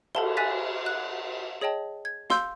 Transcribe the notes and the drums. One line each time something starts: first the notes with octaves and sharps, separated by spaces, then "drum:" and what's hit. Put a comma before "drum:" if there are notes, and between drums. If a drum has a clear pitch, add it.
A4 A5 G7, drum: cymbal
G#5 F#6 A6 B6
F#6
G#4 C#5 D#5 G5 A5
G#6
F5 C6 E6 G6, drum: snare